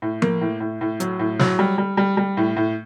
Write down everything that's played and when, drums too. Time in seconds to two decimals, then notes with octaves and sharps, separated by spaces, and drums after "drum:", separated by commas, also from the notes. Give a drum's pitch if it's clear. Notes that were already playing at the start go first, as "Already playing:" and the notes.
0.02 A2
0.22 A#3, drum: tom F3
0.41 A2
0.60 A2
0.81 A2
1.00 F#3, drum: hi-hat
1.19 A2
1.39 F#3, drum: snare
1.59 G3
1.78 G3
1.97 G3
2.17 G3
2.37 A2
2.57 A2